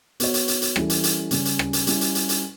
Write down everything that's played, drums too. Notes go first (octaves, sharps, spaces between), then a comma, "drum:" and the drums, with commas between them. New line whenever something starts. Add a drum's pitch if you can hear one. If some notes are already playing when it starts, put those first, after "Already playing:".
B3 F#4 C#5, drum: hi-hat
drum: hi-hat
drum: hi-hat
drum: hi-hat
E3 G3 C#4 E4 A4, drum: rim click
drum: hi-hat
drum: hi-hat
C#3 G3 C#4, drum: hi-hat
drum: hi-hat
drum: rim click
drum: hi-hat
G3 C#4 E4, drum: hi-hat
drum: hi-hat
drum: hi-hat
drum: hi-hat